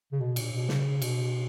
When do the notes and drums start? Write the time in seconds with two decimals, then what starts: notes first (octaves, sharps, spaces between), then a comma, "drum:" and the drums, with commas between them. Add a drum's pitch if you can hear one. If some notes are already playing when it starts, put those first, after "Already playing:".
0.12 C#3
0.20 B2
0.36 A#2, drum: cymbal
0.53 B2
0.69 C#3, drum: snare
1.02 B2, drum: cymbal